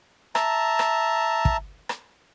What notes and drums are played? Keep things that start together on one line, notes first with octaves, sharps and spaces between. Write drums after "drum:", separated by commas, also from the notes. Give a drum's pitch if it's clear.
E5 A5 A#5, drum: rim click
drum: rim click
drum: kick
drum: rim click